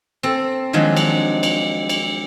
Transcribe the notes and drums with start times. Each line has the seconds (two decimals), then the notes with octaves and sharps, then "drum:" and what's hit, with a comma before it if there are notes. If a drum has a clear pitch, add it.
0.23 C4 A4
0.73 D#3 F3 F#3 G#3 D4
0.97 drum: cymbal
1.43 drum: cymbal
1.89 drum: cymbal